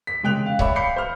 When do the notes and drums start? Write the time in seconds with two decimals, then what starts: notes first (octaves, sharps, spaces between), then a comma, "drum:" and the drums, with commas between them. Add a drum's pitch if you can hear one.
0.07 B6
0.23 C#3 G#3 G5 F#6 F7
0.46 F5
0.59 C#5 D5 E5 G5 B5, drum: kick C#1
0.76 F5 B5 G6 C7 C#7
0.96 C5 F6